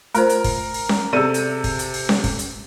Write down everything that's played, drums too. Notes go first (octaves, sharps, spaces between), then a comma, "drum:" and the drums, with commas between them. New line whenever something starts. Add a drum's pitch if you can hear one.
A3 F4 A#4 C5, drum: hi-hat
drum: hi-hat
drum: kick, open hi-hat
drum: open hi-hat
drum: snare C#4
C3 G#4 A4 D5 D#7
drum: hi-hat
drum: kick, open hi-hat
drum: hi-hat
drum: open hi-hat
drum: snare C#4
drum: kick, open hi-hat
drum: hi-hat